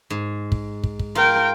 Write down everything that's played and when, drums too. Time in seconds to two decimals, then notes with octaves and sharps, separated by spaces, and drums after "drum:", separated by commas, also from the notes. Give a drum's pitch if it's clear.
0.10 G#2
0.52 drum: kick
0.84 drum: kick
0.99 drum: kick
1.15 F4 A#4 G5